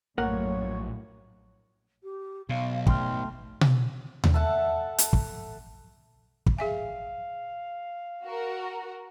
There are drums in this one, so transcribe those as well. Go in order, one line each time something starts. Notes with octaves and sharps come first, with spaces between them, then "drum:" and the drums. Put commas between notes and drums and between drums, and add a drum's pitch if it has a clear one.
A#1 F#2 A2 A#3 A#4 C#5 F#5
G4
B1 B2 F5
A3 G5 C6 F6, drum: kick
drum: tom B2
drum: tom D#2
A4 E5 F#5 A5
drum: hi-hat
drum: kick
drum: kick
G#4 E5 F5 G#5
F#4 A#4